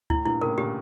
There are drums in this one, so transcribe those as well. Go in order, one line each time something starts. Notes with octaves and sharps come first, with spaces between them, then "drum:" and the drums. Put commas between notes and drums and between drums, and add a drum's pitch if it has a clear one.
A2 E4, drum: kick D2
G2 A#2 E4
A2 C#3 A#4
A#2 D3 G4